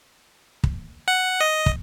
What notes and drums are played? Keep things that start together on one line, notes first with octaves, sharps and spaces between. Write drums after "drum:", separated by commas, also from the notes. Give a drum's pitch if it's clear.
drum: kick
F#5
D#5
drum: kick